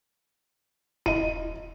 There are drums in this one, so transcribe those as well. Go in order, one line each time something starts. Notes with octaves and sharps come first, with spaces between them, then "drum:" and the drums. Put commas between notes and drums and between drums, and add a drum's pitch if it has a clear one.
E4 D#5 D#7, drum: kick D#1